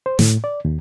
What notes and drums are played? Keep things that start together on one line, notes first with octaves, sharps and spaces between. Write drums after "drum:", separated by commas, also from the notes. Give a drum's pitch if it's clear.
C5
A2, drum: snare
D5
D#2